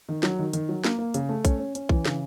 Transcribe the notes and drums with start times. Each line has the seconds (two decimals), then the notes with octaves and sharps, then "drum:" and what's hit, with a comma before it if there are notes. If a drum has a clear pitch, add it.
0.09 D#3
0.23 F#3, drum: snare
0.39 D#3
0.53 D#3, drum: hi-hat
0.69 F#3
0.84 A#3, drum: snare
0.99 A#3
1.14 C#3, drum: hi-hat
1.29 A3
1.45 C#4, drum: kick B1, hi-hat
1.59 C#4
1.75 C#4, drum: hi-hat
1.89 E3, drum: kick B1
2.05 C#3, drum: snare